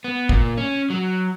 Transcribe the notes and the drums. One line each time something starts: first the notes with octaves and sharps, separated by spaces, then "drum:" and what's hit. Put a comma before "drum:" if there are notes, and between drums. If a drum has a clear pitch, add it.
B3
A#2, drum: kick
C#4
F#3